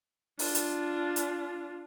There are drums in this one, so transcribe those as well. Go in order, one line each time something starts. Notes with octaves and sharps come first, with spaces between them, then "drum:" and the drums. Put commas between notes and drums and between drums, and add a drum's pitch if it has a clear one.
D4 F4, drum: open hi-hat
drum: hi-hat
drum: hi-hat